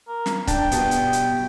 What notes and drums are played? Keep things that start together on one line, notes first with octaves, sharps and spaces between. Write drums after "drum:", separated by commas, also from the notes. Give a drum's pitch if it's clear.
A#4
drum: snare
D4 G5 A5, drum: kick, hi-hat
B2 G3 B3 F4, drum: hi-hat
drum: hi-hat
drum: hi-hat